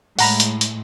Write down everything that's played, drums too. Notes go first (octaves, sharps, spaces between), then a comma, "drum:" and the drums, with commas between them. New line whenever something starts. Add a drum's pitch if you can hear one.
A2 G#3 F#5 A#5 B5, drum: open hi-hat
drum: hi-hat
drum: hi-hat